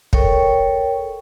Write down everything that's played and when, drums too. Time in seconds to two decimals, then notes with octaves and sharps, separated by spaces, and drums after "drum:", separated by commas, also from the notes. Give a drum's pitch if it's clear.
0.13 A4 A#4 C#5 G5 C#6, drum: kick